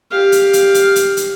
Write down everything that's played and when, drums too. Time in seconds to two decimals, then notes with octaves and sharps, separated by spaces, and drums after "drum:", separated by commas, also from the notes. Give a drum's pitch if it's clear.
0.11 G4 F5
0.32 drum: hi-hat
0.53 drum: hi-hat
0.74 drum: hi-hat
0.96 drum: hi-hat
1.17 drum: hi-hat